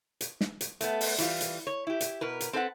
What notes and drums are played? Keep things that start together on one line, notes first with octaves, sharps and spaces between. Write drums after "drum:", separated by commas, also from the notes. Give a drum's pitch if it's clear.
drum: hi-hat
drum: snare
drum: hi-hat
A3 B3, drum: hi-hat
drum: open hi-hat
E3 G3 F4, drum: hi-hat
drum: hi-hat
C#5
E4 G4
drum: hi-hat
B2 A#4 B4
drum: hi-hat
C4 A4 B4 F5 F#5